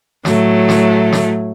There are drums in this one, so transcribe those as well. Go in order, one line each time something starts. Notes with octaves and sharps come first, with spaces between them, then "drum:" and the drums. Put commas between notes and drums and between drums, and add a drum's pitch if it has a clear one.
A2 F#3 A3, drum: snare
drum: snare
drum: snare